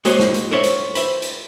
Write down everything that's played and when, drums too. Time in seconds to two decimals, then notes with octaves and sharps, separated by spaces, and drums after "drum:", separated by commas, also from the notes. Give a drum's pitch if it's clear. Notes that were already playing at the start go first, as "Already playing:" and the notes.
0.05 G#3 A#3 F#4 C5 C#5 D#5, drum: hi-hat
0.20 drum: snare
0.34 drum: hi-hat
0.51 A#4 C5 C#5 E5
0.64 drum: hi-hat
0.95 B4 C5 E5, drum: hi-hat
1.22 drum: hi-hat